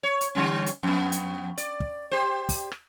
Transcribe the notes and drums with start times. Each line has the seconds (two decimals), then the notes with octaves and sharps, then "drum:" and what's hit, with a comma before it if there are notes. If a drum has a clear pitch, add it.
0.03 C#5
0.21 drum: hi-hat
0.35 D3 G3 C#4
0.66 drum: hi-hat
0.83 F2 B3
1.12 drum: hi-hat
1.58 D5, drum: hi-hat
1.80 drum: kick
2.11 G4 C5
2.49 drum: kick, open hi-hat
2.72 drum: rim click